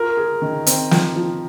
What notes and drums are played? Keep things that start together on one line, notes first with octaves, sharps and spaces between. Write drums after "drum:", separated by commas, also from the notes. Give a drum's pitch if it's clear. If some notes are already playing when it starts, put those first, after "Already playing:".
Already playing: F4 A#4
G#4
D#3
C4, drum: hi-hat
F3, drum: snare
F3